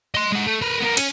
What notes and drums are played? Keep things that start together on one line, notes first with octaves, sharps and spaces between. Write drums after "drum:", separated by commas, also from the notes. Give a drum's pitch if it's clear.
D#5 C6
G#3 F#5
A3
A#4 B4
B3 A#4
C#4, drum: cymbal